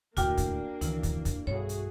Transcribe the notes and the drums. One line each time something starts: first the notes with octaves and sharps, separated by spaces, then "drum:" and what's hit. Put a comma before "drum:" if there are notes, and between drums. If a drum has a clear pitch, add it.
D2 A2 A#3 D4 F#4 G5 D6 F6, drum: kick, hi-hat
drum: kick, hi-hat
C#2 D#3 E3 E4, drum: hi-hat
drum: kick, hi-hat
drum: kick, hi-hat
B1 G2 A3 F#4 G#4 C#5
drum: hi-hat